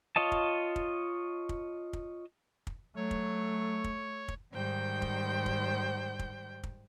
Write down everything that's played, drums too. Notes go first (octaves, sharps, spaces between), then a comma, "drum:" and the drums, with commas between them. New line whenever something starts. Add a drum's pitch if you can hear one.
F4 C#5 D#5 A5
drum: kick
drum: kick
drum: kick
drum: kick
drum: kick
F#3 A3 C#5
drum: kick
drum: kick
drum: kick
G#2 D#3 G3 C5 G5 G6
drum: kick
drum: kick
drum: kick
drum: kick